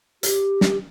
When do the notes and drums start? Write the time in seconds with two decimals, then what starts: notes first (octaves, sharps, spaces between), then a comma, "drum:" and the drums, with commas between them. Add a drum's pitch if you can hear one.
0.23 G4, drum: hi-hat
0.61 drum: snare